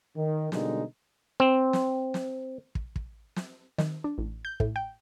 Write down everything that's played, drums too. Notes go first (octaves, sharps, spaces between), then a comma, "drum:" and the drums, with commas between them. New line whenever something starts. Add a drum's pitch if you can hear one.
D#3
B2 D3 G3 G#3 A#3 D#4, drum: snare
C4
drum: snare
drum: snare
drum: kick
drum: kick
drum: snare
D#3, drum: snare
D4
A1
G6
A2, drum: kick
G5